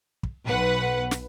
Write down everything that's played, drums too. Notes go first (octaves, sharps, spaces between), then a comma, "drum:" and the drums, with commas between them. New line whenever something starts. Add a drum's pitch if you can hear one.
drum: kick
B1 B4 F#5
drum: snare